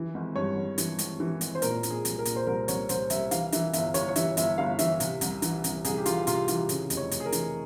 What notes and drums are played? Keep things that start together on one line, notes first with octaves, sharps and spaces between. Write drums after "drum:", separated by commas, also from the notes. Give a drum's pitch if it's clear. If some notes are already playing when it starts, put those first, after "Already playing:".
Already playing: E3
G#1
G2 C#5
G#1
E3, drum: hi-hat
G#1, drum: hi-hat
E3
G#1, drum: hi-hat
C5
A#2 A#4, drum: hi-hat
A#2, drum: hi-hat
G#4
C2, drum: hi-hat
A#4
A#2, drum: hi-hat
C5
C2 A#4
C2 C#5, drum: hi-hat
C2 C5, drum: hi-hat
C2 E5, drum: hi-hat
E3 F5, drum: hi-hat
E3 E5, drum: hi-hat
G1 E5, drum: hi-hat
G1 C#5, drum: hi-hat
C#5
E3 E5, drum: hi-hat
G1 E5, drum: hi-hat
G1 F5
E3 E5, drum: hi-hat
C3, drum: hi-hat
C2, drum: hi-hat
E3, drum: hi-hat
C2, drum: hi-hat
C2 G#4, drum: hi-hat
G4
E3 F4, drum: hi-hat
C3 F4, drum: hi-hat
E3 F4, drum: hi-hat
C#3, drum: hi-hat
F1, drum: hi-hat
C#5
F1, drum: hi-hat
G#4
A#4
E3, drum: hi-hat